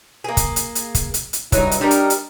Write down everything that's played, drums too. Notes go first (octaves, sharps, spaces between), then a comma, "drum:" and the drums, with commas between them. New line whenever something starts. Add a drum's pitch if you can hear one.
A#3 G#4
drum: kick, hi-hat
drum: hi-hat
drum: hi-hat
drum: kick, hi-hat
drum: hi-hat
drum: hi-hat
G2 F#3 D#4 E4, drum: kick, hi-hat
drum: hi-hat
G3 D4 D#4 G4 A#4
drum: hi-hat
drum: hi-hat